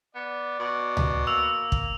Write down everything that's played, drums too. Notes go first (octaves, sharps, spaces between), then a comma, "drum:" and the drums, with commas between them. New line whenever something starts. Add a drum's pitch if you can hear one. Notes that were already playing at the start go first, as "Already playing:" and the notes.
B3 D5
B2
drum: tom C#2
A#3 E6 F7
drum: kick